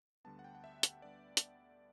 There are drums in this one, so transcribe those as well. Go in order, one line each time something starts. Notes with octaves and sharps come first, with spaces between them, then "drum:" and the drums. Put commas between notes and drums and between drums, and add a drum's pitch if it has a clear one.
D2 D3 G3 B3 A5
F#5
G5
F#5
E5
E5, drum: hi-hat
D3 G3 B3 D5
drum: hi-hat